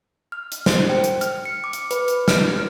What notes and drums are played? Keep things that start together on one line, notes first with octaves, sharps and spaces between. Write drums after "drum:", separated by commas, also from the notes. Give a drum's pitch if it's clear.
F6
drum: hi-hat
C5, drum: snare
G5
drum: hi-hat
F6, drum: hi-hat
C#7
D6
drum: hi-hat
B4, drum: hi-hat
drum: hi-hat
F6, drum: snare